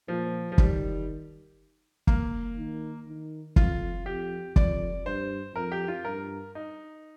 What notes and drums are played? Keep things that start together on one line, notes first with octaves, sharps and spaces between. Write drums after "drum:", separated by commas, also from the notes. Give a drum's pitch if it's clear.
A#2 F3
F3
D#3 G3, drum: kick
A#3, drum: kick
D#3
D#3
F2 F4, drum: kick
F2 G4
F2 D5, drum: kick
G2 C5
F2 A#4
G4
F4
G2 A#4
D#4